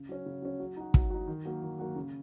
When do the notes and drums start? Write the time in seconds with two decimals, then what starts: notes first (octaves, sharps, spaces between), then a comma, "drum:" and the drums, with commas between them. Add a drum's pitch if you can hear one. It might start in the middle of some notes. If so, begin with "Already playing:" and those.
Already playing: C#3
0.09 F#3 C#4
0.26 C#3
0.42 F#3 C#4
0.60 F#3
0.76 D#4 F#4
0.94 F#3, drum: kick
1.10 D#4 F#4
1.27 D#3
1.45 F#3 A#3 F#4
1.63 D#3
1.79 F#3 A#3 F#4
1.96 C#3